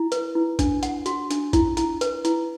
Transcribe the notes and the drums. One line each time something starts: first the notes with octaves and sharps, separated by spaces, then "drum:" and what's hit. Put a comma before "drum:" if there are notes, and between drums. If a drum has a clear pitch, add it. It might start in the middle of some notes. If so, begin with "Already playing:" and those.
Already playing: E4
B4, drum: hi-hat
E4
D4, drum: kick, hi-hat
F#5, drum: hi-hat
F#4, drum: hi-hat
D4, drum: hi-hat
E4, drum: kick, hi-hat
E4, drum: hi-hat
B4, drum: hi-hat
E4, drum: hi-hat